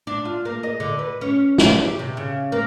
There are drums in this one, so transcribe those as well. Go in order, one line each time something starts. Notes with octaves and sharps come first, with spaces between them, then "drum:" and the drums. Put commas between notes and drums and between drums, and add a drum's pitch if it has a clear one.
D4
F4
A#3
D#5
D3
B4
C#4
drum: snare
G4
C3
C#3
A#3